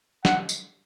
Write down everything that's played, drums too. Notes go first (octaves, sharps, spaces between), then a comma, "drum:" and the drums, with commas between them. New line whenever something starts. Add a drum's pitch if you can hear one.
F#5, drum: snare
drum: tambourine